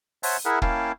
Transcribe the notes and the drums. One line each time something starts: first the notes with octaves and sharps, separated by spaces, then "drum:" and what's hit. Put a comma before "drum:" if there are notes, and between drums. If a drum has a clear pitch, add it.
C5 C#5 E5 F#5 A5, drum: open hi-hat
E4 G#4 A#4 E5 F#5
A#3 C#4 E4 F5 G5 A5, drum: kick